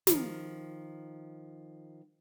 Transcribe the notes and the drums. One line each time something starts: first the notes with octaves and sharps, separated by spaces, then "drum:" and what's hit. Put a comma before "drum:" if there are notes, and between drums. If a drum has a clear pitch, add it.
D#3 F3, drum: snare